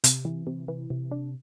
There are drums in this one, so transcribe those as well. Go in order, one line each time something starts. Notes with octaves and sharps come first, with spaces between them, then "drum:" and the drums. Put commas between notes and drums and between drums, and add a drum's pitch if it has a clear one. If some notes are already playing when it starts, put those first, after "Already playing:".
C3, drum: hi-hat
E3
C3
E3
C3
D4